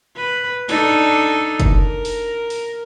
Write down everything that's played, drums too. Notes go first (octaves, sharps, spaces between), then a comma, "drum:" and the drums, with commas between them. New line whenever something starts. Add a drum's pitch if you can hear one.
B4
D4 D#4 A4, drum: open hi-hat
drum: kick, hi-hat
A#4
drum: open hi-hat
drum: open hi-hat